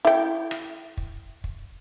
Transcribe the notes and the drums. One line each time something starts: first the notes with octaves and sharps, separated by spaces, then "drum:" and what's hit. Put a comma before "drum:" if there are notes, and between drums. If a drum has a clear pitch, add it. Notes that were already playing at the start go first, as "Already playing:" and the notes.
E4 G5
drum: rim click
drum: kick
drum: kick